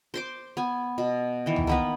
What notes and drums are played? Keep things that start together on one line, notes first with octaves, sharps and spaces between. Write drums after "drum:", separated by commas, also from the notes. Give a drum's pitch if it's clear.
C5 C6 D6
B3 G#5
B2
D#3 E3
drum: tom
A#3 B3 B4